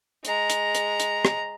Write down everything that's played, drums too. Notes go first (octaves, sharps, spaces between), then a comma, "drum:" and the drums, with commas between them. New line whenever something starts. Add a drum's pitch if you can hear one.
G#3 A#5, drum: hi-hat
drum: hi-hat
drum: hi-hat
drum: hi-hat
drum: rim click